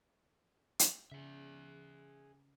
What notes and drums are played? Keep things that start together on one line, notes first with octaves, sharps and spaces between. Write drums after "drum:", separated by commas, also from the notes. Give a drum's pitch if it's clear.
drum: hi-hat
C#3 G#4 E5